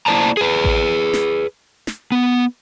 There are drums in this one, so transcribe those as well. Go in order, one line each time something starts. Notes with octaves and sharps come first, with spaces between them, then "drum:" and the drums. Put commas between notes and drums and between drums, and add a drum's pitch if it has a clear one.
A#3 E4 C5 D5 A5 A#5
G#4 B4
drum: kick A1
drum: snare
drum: snare
B3